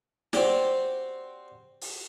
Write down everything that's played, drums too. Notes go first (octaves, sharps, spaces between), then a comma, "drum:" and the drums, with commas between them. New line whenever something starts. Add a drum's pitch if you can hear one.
C4 F#4 G4 D5 G5, drum: snare
drum: open hi-hat